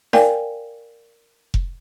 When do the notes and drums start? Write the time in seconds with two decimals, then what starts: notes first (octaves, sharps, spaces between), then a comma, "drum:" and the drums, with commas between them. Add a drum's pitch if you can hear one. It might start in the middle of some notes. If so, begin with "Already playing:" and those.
0.13 A#4 D5 F5 G5 G#5, drum: snare D#4
1.54 drum: kick F1